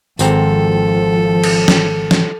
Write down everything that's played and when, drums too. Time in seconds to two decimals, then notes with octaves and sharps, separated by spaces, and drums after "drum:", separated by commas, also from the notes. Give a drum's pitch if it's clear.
0.19 G#1 F3 C4 A4 A#5, drum: tambourine
1.44 drum: cymbal
1.68 drum: snare
2.11 drum: snare